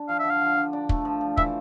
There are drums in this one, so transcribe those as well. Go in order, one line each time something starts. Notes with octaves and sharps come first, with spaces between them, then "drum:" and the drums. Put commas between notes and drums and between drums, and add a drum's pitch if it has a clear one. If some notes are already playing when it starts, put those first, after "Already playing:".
Already playing: D4
F3 F5
E5
D3
F5
F3
D4
D4
A3, drum: kick
F3
F3
E3 E5, drum: kick